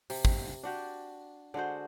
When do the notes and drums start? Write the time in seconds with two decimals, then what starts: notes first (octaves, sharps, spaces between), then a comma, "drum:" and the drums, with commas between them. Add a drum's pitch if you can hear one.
0.10 C3, drum: open hi-hat
0.25 drum: kick
0.63 D4 F#4 G4
1.54 D3 G#3 F#4 C5